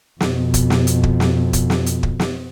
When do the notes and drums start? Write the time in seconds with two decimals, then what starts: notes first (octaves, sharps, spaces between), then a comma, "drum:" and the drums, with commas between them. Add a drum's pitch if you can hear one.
0.20 F2 B2, drum: snare
0.54 drum: kick, hi-hat
0.70 drum: snare
0.87 drum: hi-hat
1.03 drum: kick
1.20 drum: snare
1.53 drum: kick, hi-hat
1.70 drum: snare
1.86 drum: hi-hat
2.03 drum: kick
2.20 drum: snare